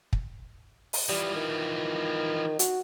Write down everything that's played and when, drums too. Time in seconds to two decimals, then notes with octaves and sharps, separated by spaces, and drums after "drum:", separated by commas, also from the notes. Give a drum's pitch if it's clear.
0.13 drum: kick
0.93 drum: open hi-hat
1.09 E3 F3 G3
1.35 D#3
2.59 F#4, drum: hi-hat